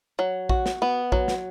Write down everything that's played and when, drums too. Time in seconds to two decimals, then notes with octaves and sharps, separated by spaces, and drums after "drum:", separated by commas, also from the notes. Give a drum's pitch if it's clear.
0.19 F#3
0.49 F#4, drum: kick A#1
0.66 drum: snare
0.82 B3
1.12 F#3, drum: kick A#1
1.28 drum: snare